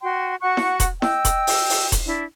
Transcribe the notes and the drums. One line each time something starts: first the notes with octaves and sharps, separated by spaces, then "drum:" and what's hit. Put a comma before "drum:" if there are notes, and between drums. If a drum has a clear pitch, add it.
F#4 G5 C6
F#4 F#5 C#6 F#6
drum: snare E4
drum: kick E1, hi-hat
D#5 G5 E6, drum: snare E4
drum: kick E1, hi-hat
drum: open hi-hat
drum: open hi-hat
drum: kick E1, hi-hat
D4 E4